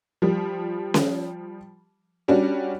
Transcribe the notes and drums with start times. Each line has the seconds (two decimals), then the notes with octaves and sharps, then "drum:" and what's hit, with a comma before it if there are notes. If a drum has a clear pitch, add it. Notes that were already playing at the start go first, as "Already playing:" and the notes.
0.22 F3 G3
0.94 drum: snare C#4
2.28 G3 C#4 D4 F#4